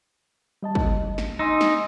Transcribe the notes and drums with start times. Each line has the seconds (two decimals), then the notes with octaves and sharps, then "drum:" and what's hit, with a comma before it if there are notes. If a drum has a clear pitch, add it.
0.63 G3 D#5 A5
0.75 drum: kick
1.18 drum: snare
1.39 D#4 G#5 C6 E6
1.61 drum: snare